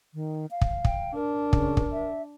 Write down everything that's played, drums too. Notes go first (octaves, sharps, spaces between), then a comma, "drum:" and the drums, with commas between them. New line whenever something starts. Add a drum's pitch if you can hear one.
D#3
F5
drum: kick
G5, drum: kick
D4 A#4
C#3, drum: kick
drum: kick
E5